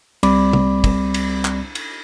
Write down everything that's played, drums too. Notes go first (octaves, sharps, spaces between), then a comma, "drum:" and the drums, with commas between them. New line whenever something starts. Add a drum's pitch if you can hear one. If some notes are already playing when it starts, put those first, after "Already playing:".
C2 G3 C4 D5 B5 D6, drum: cymbal
drum: tom C3
drum: kick, cymbal
drum: cymbal
drum: clap
drum: cymbal